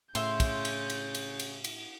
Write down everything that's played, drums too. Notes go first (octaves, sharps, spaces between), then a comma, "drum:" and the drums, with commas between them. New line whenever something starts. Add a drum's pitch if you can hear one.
A2 C#3 E5 C6 G6, drum: cymbal
drum: kick, cymbal
drum: cymbal
drum: cymbal
drum: cymbal
drum: cymbal
drum: cymbal